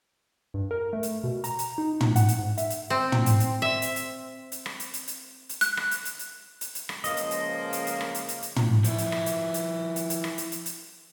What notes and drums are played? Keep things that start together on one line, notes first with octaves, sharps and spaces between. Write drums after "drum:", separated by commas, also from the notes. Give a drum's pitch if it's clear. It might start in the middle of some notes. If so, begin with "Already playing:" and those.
G2
A#4
A3
drum: hi-hat
B2
A#5, drum: hi-hat
drum: hi-hat
D#4
drum: tom
F#5, drum: hi-hat
drum: hi-hat
G#2
E5, drum: hi-hat
drum: hi-hat
C4
drum: tom
drum: hi-hat
drum: hi-hat
E5
drum: hi-hat
drum: hi-hat
drum: hi-hat
drum: rim click
drum: hi-hat
drum: hi-hat
drum: hi-hat
drum: hi-hat
F#6, drum: hi-hat
drum: rim click
drum: hi-hat
drum: hi-hat
drum: hi-hat
drum: hi-hat
drum: hi-hat
drum: rim click
C#2 C#3 F3 A#3 D#5, drum: hi-hat
drum: hi-hat
drum: hi-hat
drum: hi-hat
drum: hi-hat
drum: rim click
drum: hi-hat
drum: hi-hat
drum: hi-hat
drum: tom
F3 E4, drum: hi-hat
drum: hi-hat
drum: rim click
drum: hi-hat
drum: hi-hat
drum: hi-hat
drum: hi-hat
drum: rim click
drum: hi-hat
drum: hi-hat
drum: hi-hat